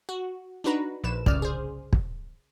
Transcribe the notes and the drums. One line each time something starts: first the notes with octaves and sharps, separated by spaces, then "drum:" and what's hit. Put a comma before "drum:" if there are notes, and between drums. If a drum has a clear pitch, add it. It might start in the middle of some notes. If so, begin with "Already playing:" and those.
F#4
D4 D#4 F#4 B4 A#5
A#1 B4 E7
G1 C2 C#3 D5 F6, drum: kick
G#4 C5
drum: kick